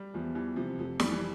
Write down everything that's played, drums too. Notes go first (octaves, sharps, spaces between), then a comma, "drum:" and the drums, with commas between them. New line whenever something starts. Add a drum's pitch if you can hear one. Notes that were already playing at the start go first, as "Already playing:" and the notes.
Already playing: G3
E2 F3
E3 G3
C3 F3
F1 F3
F1 G3, drum: snare
E3